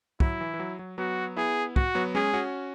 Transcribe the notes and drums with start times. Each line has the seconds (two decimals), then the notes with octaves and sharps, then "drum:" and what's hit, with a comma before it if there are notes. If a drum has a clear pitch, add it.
0.20 F#3 E4, drum: kick
0.41 E3
0.54 E3
0.60 F#3
0.79 F#3
0.98 F#3 B3 F#4
1.36 B3 E4 G#4
1.76 F#4, drum: kick
1.95 F#3 B3
2.15 G#3 C#4 G#4
2.33 C#4 F#4